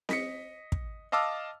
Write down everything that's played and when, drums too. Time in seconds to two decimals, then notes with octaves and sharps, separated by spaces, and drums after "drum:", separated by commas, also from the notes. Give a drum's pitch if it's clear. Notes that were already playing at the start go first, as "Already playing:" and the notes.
0.09 D#5 B6 C#7, drum: snare C4
0.72 drum: kick
1.12 D#5 F5 A5 D6 E6 F6